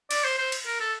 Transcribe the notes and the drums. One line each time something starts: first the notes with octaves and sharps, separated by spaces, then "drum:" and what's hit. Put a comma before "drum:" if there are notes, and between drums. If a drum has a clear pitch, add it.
D5, drum: cymbal
C5
C5
drum: cymbal
A#4
A4